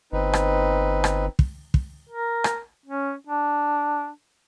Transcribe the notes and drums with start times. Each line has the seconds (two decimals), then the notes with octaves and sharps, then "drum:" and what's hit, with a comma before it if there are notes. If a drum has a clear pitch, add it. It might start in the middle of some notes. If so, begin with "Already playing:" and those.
0.12 G1 C4 D#4 B4
0.33 drum: rim click
1.04 drum: rim click
1.39 drum: kick
1.74 drum: kick
2.09 A#4
2.44 drum: rim click
2.86 C#4
3.27 D4